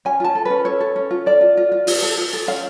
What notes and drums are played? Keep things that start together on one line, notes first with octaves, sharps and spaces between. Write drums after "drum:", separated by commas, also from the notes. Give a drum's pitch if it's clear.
C#4 G#5
F4 A5
A4
C#4 B4
A4 C#5
A4
C#4
F4
A4 D5
F4
F4
F4
F4, drum: open hi-hat
A4
F4
A4
C#4 F5